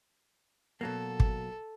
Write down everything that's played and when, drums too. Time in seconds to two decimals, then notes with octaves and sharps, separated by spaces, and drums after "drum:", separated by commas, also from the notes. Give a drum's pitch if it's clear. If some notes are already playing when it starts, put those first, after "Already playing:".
0.81 B2 F#3 A#3 A4
1.20 drum: kick